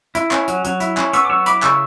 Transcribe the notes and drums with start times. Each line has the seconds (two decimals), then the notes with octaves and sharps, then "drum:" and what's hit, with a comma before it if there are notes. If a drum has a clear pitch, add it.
0.15 E4, drum: hi-hat
0.31 C#4, drum: clap
0.48 F#3, drum: hi-hat
0.65 F#3, drum: hi-hat
0.80 E4, drum: hi-hat
0.97 C#4, drum: clap
1.13 B3 C#6 E6, drum: hi-hat
1.25 D6
1.30 F#3 C#6 E6
1.46 E4 B5 D6, drum: hi-hat
1.63 C#3 C#6 E6, drum: clap